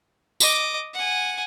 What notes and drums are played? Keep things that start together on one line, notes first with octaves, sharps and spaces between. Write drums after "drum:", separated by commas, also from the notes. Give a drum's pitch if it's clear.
D#5 D6, drum: tambourine
F#5 G#5